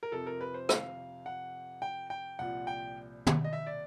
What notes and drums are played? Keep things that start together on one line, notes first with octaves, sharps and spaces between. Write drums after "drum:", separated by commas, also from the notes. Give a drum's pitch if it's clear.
A#4
F2 C3 F3 A4
A#4
B4
C5
F5, drum: rim click
F#5
G5
G5
C2 A#2 F3 F#5
G5
drum: tom
D#5
E5
D5